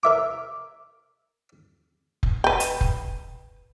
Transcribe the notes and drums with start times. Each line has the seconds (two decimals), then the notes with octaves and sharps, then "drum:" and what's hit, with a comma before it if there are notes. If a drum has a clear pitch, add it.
0.03 A#4 E5 D6
2.23 drum: kick F1
2.44 B4 G5
2.60 drum: hi-hat
2.81 drum: kick F1